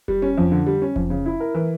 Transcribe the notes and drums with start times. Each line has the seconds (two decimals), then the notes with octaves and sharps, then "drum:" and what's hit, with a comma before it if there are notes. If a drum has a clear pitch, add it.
0.08 G3, drum: kick F1
0.22 C#4
0.38 F2
0.52 D3
0.66 G3
0.82 C#4
0.96 F2, drum: kick F1
1.10 C#3
1.26 E4
1.40 A#4
1.55 E3